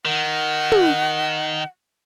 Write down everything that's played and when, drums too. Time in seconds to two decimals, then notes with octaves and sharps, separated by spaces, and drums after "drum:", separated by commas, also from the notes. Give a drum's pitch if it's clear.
0.05 D#3 F#5
0.72 drum: tom